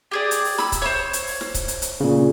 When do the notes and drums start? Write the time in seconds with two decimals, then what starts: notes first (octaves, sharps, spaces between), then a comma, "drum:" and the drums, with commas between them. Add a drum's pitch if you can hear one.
0.11 G4 G#4 D5
0.31 drum: hi-hat
0.45 drum: open hi-hat
0.58 B5 E6, drum: snare
0.72 drum: kick C#1, hi-hat
0.82 C5 C#5
1.13 drum: hi-hat
1.27 drum: open hi-hat
1.41 drum: snare
1.54 drum: kick C#1, hi-hat
1.68 drum: hi-hat
1.82 drum: hi-hat
2.00 A#2 C#3